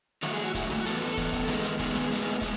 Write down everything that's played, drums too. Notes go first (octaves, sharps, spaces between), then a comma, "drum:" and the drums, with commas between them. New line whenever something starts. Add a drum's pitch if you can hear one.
A2 F#3 A3 F#4, drum: snare
G#4
F#4
A2 F#3 A3 E4, drum: kick, hi-hat
F#4, drum: snare
A2 E3 B3 A4, drum: hi-hat
A4
A2 E3 B3, drum: kick, hi-hat
drum: kick, hi-hat
E2 D#3 G#3 B3, drum: snare
drum: hi-hat
E2 D#3 G#3 B3 G#4, drum: kick, hi-hat
drum: snare
A2 G#3 B3, drum: hi-hat
A2 G#3 B3, drum: kick, hi-hat